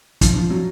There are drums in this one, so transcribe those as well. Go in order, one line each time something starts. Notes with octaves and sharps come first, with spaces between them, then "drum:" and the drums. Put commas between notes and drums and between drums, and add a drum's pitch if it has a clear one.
F3, drum: kick, hi-hat
F3
F#3